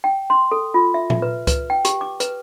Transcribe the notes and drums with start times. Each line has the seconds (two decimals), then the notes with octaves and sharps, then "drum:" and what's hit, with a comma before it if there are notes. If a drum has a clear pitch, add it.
0.04 G5
0.30 C6
0.52 A4
0.74 F4
0.94 E5
1.10 E5, drum: tom A#2
1.22 B4
1.47 B4, drum: kick C#2, hi-hat
1.70 G5
1.85 G4, drum: hi-hat
2.01 D6
2.20 B4, drum: hi-hat